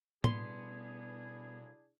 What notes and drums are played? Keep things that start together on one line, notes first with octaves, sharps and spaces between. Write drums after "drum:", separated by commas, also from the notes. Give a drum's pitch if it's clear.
B2 G3 B3 D4 E4 G#4 C6, drum: tom